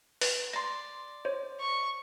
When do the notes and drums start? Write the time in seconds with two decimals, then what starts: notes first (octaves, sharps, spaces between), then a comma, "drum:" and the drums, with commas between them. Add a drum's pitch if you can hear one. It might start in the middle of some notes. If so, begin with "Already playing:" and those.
0.21 B4, drum: open hi-hat
0.53 D5 C6 A#6
1.25 C5 C#5
1.61 C#6